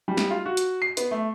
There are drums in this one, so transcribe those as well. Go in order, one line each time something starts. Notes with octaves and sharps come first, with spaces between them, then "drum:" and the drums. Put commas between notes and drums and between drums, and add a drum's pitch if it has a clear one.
G3
drum: snare
F4
F#4
drum: hi-hat
C7
B3, drum: hi-hat
A3